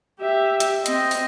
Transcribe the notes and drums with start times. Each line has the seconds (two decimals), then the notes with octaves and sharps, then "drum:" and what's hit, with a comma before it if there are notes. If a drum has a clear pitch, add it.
0.20 G4 E5
0.60 drum: hi-hat
0.86 C4 D#5, drum: hi-hat
1.11 drum: open hi-hat